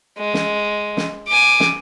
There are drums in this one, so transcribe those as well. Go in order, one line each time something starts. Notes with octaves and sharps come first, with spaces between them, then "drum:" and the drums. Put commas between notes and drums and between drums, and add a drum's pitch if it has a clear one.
G#3
drum: snare
drum: snare
G#5 D6
drum: snare